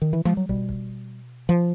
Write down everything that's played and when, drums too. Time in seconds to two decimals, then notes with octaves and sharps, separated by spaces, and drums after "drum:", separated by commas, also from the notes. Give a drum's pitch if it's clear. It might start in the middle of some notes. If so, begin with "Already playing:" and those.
0.02 D#3
0.13 E3
0.25 F3, drum: tom G3
0.37 F#3
0.49 B2 G3, drum: kick
0.69 drum: kick
1.49 F3